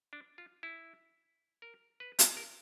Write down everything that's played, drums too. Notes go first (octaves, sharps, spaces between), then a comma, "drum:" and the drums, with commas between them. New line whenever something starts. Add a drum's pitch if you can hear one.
D4
F4
E4
A#4
B4
drum: hi-hat
A#4